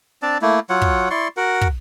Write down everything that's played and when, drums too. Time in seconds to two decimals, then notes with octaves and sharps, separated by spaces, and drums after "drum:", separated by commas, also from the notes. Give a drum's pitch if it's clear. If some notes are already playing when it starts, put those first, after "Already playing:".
0.22 C4 D4 D5 A5
0.42 A3 A#3 E4
0.70 F#3 F4 C#5 F#5
0.82 drum: kick
1.10 E4 D5 C6 C#6
1.37 F#4 A#4 F#5
1.61 drum: kick